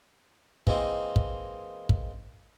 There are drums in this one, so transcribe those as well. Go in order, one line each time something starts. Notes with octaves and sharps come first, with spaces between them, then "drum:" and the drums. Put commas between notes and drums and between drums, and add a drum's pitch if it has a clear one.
E3 G#3 A#3 C4 D#4, drum: kick
drum: kick
drum: kick